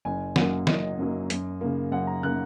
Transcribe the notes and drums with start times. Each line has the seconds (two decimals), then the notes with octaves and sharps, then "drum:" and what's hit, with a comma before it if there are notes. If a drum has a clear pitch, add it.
0.05 F#1 G#5
0.36 F#2 F#3 A#3 F#5, drum: snare
0.67 F#1 D#5, drum: snare
0.98 F#2 F#3 A#3
1.30 F#2, drum: hi-hat
1.61 C#3 A#3
1.92 F#2 F#5
2.07 A#5
2.23 C#3 A#3 F#6